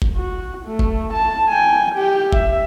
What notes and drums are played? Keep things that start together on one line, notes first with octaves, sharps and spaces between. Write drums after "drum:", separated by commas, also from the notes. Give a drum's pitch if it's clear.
drum: kick F1
F#4
A3
drum: kick F1
A5
G5 G#5
G4 G5
E5, drum: kick F1